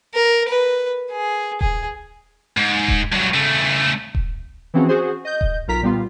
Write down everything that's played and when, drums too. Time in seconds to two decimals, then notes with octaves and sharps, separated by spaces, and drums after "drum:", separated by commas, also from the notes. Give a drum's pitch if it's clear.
0.14 A#4
0.49 B4
1.11 G#4
1.61 G#4, drum: kick D#1
2.57 G#2
2.88 drum: kick D#1
3.12 G2 F#3
3.34 C#3 A3
4.15 drum: kick D#1
4.74 E3 F3 C4 C#4 F#4 G#4
4.89 F#4 G#4 C5
5.25 D#5 G6
5.41 drum: kick D#1
5.68 B1 F4 A#4 A#5 B6
5.82 A#2 G3 B3 F4